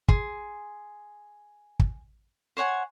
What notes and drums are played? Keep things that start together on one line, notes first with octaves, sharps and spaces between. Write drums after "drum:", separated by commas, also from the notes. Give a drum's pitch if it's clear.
G#4 C6, drum: kick
drum: kick
C5 C#5 F#5 G#5